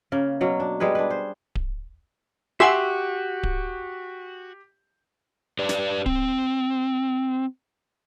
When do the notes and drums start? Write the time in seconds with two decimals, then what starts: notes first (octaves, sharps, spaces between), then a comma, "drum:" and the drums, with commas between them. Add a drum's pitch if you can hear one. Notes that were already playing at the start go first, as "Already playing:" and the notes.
0.12 C#3 A#3
0.41 B2 F#3 A#3
0.60 D4
0.80 G3 G#3 G#4 B4
0.95 D4 B4
1.10 C5
1.55 drum: kick D1
2.60 F#4 G4 E5 F#5 G#5 C6 E6 B6
3.43 drum: kick D1
5.59 G4 B4 D5
5.69 drum: snare
6.06 C4, drum: kick D1